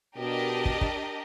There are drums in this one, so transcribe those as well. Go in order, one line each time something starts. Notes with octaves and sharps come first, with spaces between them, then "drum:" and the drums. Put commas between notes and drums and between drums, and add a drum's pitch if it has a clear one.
B2 D4 G4 A#4 D#5
drum: kick
drum: kick